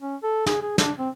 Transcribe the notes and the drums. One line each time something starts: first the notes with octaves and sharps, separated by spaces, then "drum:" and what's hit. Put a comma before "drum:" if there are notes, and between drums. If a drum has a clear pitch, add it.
C#4
A4
G#4, drum: snare
G#4
D4, drum: snare
C4